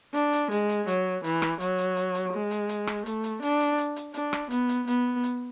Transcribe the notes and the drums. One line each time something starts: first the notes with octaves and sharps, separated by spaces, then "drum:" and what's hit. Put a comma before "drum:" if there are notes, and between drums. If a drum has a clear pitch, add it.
D4, drum: hi-hat
drum: hi-hat
G#3, drum: hi-hat
drum: hi-hat
F#3, drum: hi-hat
E3, drum: hi-hat
drum: rim click
F#3, drum: hi-hat
drum: hi-hat
drum: hi-hat
drum: hi-hat
G#3
drum: hi-hat
drum: hi-hat
drum: rim click
A3, drum: hi-hat
drum: hi-hat
D4, drum: hi-hat
drum: hi-hat
drum: hi-hat
drum: hi-hat
D4, drum: hi-hat
drum: rim click
B3, drum: hi-hat
drum: hi-hat
B3, drum: hi-hat
drum: hi-hat